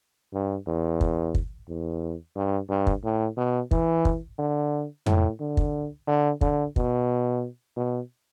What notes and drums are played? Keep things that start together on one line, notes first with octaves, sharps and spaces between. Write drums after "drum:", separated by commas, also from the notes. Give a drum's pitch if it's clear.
G2
E2
drum: kick
drum: kick
E2
G2
G2
drum: kick
A2
B2
E3, drum: kick
drum: kick
D3
A2, drum: tom F2
D3
drum: kick
D3
D3, drum: kick
B2, drum: kick
B2